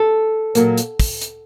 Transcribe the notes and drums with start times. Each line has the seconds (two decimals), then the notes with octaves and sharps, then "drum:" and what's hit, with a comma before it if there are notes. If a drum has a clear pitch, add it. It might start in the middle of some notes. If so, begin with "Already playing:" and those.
Already playing: A4
0.55 A#2 F#3 A#3, drum: hi-hat
0.78 drum: hi-hat
1.00 drum: kick, open hi-hat
1.22 drum: hi-hat